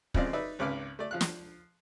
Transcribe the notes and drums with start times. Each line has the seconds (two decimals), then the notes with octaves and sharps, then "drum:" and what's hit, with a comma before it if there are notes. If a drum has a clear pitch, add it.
0.14 C#3 F3 G#3 C4 D5 F5, drum: kick
0.33 D#4 B4 D5 E5
0.59 G#1 C#2 B4 D6 F6
0.99 A3 D5
1.11 F3 F5 F#6
1.21 drum: snare